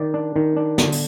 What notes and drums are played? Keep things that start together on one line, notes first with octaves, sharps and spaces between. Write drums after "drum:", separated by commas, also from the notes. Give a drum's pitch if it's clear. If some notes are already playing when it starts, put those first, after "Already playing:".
Already playing: D#3 D5
D4
D#3
D4
D3, drum: snare
drum: open hi-hat